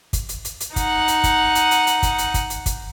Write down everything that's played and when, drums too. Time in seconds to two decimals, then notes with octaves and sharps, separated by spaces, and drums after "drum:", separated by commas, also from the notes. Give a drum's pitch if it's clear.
0.13 drum: kick, hi-hat
0.29 drum: hi-hat
0.45 drum: hi-hat
0.60 drum: hi-hat
0.76 D#4 F#5, drum: kick, hi-hat
1.08 drum: hi-hat
1.24 drum: kick, hi-hat
1.55 drum: hi-hat
1.71 drum: hi-hat
1.87 drum: hi-hat
2.03 drum: kick, hi-hat
2.18 drum: hi-hat
2.34 drum: kick, hi-hat
2.50 drum: hi-hat
2.66 drum: kick, hi-hat